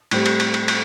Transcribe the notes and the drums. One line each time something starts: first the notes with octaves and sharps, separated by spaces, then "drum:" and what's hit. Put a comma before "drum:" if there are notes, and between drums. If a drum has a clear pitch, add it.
A2 G3 C4 G4, drum: cymbal
drum: cymbal
drum: cymbal
drum: cymbal
drum: cymbal